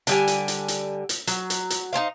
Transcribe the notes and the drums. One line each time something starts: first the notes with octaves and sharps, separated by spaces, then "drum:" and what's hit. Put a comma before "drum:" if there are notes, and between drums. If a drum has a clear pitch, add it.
D3 G3 G#5, drum: hi-hat
drum: hi-hat
drum: hi-hat
drum: hi-hat
drum: hi-hat
F#3, drum: hi-hat
drum: hi-hat
drum: hi-hat
D#4 E4 C5 F5